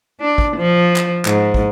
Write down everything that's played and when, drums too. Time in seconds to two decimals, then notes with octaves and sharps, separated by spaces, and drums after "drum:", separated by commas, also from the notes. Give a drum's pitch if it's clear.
0.20 D4
0.38 drum: kick
0.56 F3
0.96 drum: clap
1.25 G#2, drum: clap
1.54 drum: kick